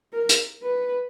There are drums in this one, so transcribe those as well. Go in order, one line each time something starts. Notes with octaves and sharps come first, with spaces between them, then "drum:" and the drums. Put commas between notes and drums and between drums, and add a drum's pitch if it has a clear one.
A#4
drum: hi-hat
B4